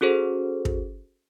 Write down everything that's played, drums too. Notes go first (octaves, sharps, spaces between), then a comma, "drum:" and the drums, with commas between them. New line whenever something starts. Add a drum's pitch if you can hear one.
C#4 F#4 G#4 A4 C5
drum: kick